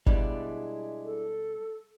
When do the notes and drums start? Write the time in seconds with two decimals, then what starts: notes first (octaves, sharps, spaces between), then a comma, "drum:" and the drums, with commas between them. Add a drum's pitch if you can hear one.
0.06 B2 G3 G#3 D4 E4 D5, drum: kick G1
1.05 A4